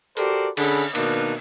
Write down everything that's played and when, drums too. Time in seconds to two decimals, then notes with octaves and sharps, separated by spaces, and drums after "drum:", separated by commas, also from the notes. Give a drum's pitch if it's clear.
0.17 F#4 G4 A4 A#4 C5 D5, drum: hi-hat
0.57 D3 C#4 G#4 B5, drum: cymbal
0.95 B2 D#3 A#3 D4 D#4, drum: cymbal